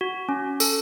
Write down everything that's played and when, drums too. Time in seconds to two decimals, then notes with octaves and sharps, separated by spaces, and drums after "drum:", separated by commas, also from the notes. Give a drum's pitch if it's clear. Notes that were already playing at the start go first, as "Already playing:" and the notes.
0.01 F#4
0.29 C#4
0.60 A4, drum: tambourine